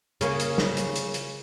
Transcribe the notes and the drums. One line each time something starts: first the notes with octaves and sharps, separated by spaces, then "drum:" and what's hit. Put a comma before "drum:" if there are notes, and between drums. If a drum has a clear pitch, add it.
C#3 A#3, drum: hi-hat
drum: hi-hat
drum: snare
drum: hi-hat
drum: hi-hat
drum: hi-hat